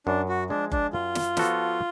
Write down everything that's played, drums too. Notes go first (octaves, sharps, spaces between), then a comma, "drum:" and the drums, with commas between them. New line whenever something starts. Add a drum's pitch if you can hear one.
F#2 D4
F#4
F3 G#3 D4
D4, drum: kick F#1
F#2 F4
drum: snare
F3 B3 F#4 A4, drum: snare